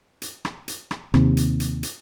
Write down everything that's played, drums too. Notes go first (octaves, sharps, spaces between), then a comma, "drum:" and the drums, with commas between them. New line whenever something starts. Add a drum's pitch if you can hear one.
drum: hi-hat
drum: rim click
drum: hi-hat
drum: rim click
D#2 C3, drum: rim click
drum: hi-hat
drum: hi-hat
drum: hi-hat